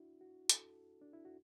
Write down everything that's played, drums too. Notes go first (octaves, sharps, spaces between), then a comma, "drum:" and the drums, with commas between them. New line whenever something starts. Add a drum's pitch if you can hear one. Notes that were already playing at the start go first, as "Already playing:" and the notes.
Already playing: D4 E4 F#4
F#4
A4, drum: hi-hat
D4
E4
F#4